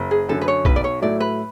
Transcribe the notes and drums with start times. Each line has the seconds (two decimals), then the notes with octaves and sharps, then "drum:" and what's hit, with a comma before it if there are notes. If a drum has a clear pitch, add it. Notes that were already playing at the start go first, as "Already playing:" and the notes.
Already playing: F#1
0.11 G#4
0.29 F#2 D3 A4
0.41 B4
0.48 C#5
0.65 B1 B4, drum: kick
0.76 D5
0.84 C#5
1.02 A2 F#3 A3 E4 D5
1.20 B4